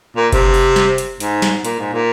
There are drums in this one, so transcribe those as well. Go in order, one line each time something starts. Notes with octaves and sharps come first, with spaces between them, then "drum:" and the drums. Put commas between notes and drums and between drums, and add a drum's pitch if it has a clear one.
A#2
C3, drum: kick F#1, hi-hat
drum: open hi-hat
drum: snare
drum: hi-hat
G#2, drum: hi-hat
drum: snare
A#2, drum: hi-hat
G#2
A#2